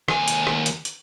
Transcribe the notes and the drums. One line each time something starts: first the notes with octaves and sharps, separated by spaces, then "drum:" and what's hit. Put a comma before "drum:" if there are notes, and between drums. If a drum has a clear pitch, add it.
D#2 G#5, drum: rim click
drum: hi-hat
drum: rim click
drum: hi-hat
drum: hi-hat